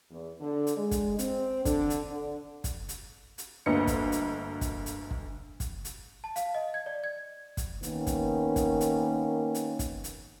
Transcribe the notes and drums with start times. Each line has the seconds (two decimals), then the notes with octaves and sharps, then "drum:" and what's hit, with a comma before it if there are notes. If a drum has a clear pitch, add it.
0.11 E2
0.41 D3
0.67 drum: hi-hat
0.77 G#3
0.91 drum: kick, hi-hat
1.19 C4, drum: hi-hat
1.65 D3, drum: kick, hi-hat
1.90 drum: hi-hat
2.09 D3
2.64 drum: kick, hi-hat
2.89 drum: hi-hat
3.38 drum: hi-hat
3.66 G1 D2 A#3 B3 D#5 C#7
3.87 drum: kick, hi-hat
4.12 drum: hi-hat
4.61 drum: kick, hi-hat
4.86 drum: hi-hat
5.11 drum: kick
5.60 drum: kick, hi-hat
5.85 drum: hi-hat
6.24 A5
6.36 F5, drum: hi-hat
6.55 D#5
6.74 G#6
6.86 D5
7.04 G#6
7.57 drum: kick, hi-hat
7.83 D#3 A#3 B3 C#4, drum: hi-hat
8.07 drum: kick, hi-hat
8.56 drum: kick, hi-hat
8.81 drum: hi-hat
9.55 drum: hi-hat
9.79 drum: kick, hi-hat
10.04 drum: hi-hat